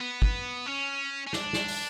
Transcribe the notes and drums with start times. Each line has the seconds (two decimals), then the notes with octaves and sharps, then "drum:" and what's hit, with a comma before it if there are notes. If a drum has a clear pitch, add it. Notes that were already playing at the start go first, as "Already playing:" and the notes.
0.01 B3
0.22 drum: kick
0.66 C#4
1.27 C#4
1.33 D4, drum: snare
1.53 drum: snare
1.68 drum: open hi-hat